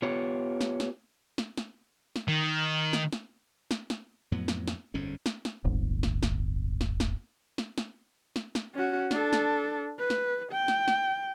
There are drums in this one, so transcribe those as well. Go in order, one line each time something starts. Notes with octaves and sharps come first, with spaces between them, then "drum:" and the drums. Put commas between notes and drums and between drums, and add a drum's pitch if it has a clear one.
B3 F4 G4 C#5
drum: snare
drum: snare
drum: snare
drum: snare
drum: snare
D#3
drum: snare
drum: snare
drum: snare
drum: snare
F2 A2 F#3 B3
drum: snare
drum: snare
G1 F2 G#2 C#4
drum: snare
drum: snare
D1 G1
drum: snare
drum: snare
drum: snare
drum: snare
drum: snare
drum: snare
drum: snare
drum: snare
C#4 F#4
D4 A4, drum: snare
drum: snare
B4
drum: snare
G5
drum: snare
drum: snare